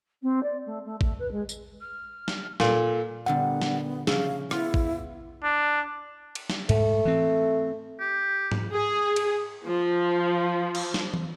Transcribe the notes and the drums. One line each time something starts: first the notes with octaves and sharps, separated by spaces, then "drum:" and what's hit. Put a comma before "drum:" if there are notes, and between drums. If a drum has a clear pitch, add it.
C4
D5
A3
A3
A3, drum: kick A1
B4
G#3
drum: tambourine
F6
drum: snare
A#2 A4, drum: snare
A#2 D3 G3 B3 F#5
drum: snare
C#3 F3 G#4 E5 F5, drum: snare
B3 E4 F4, drum: rim click
drum: kick A1
D4
drum: cymbal
drum: snare
G#2 A3, drum: cymbal
E3 C4
G4
drum: tom G#2
G#4
drum: cymbal
F3
drum: cymbal
drum: snare
drum: tom